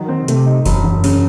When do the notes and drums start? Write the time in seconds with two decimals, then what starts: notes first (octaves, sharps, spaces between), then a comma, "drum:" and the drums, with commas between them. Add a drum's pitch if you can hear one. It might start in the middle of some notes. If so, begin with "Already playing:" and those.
Already playing: D#3 F#3
0.08 C4
0.28 C3 A3, drum: hi-hat
0.46 D#4
0.66 E1 F#2, drum: kick F1, open hi-hat
0.84 E1
1.04 C#3, drum: open hi-hat